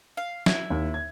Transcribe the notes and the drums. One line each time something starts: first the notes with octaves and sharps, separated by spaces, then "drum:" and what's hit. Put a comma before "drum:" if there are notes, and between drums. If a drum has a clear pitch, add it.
F5
E4, drum: snare
D#2
G#6